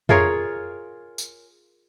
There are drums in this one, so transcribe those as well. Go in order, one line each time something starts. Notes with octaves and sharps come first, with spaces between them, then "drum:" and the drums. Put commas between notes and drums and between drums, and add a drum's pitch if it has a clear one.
F4 G#4 A#4 C#5, drum: tom F2
drum: tambourine